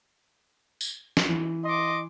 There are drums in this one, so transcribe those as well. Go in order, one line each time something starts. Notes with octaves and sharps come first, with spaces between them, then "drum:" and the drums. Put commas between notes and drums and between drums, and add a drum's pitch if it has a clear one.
drum: tambourine
drum: snare
E3
D#5 C6 D6